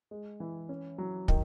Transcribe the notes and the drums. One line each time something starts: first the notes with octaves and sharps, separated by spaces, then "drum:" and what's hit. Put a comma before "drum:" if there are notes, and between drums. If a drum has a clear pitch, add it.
G#3
E3
C#4
F#3
D#3, drum: kick